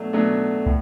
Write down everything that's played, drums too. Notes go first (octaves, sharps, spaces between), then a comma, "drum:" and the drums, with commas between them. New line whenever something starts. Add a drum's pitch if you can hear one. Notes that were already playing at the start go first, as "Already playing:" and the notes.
Already playing: B2 F#3 A3 D4
B2 F#3 A3 D4
A2, drum: kick